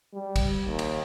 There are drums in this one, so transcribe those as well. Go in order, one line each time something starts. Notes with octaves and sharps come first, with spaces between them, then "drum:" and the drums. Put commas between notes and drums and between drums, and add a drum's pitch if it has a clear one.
G3
drum: kick, cymbal
D#2
drum: cymbal